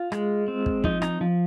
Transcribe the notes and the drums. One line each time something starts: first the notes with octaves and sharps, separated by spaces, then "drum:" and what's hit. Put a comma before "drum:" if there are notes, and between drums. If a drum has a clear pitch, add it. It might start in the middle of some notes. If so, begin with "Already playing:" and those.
Already playing: F4
G#3, drum: rim click
C4
drum: kick
F3 D#4, drum: kick
D#4, drum: rim click
F3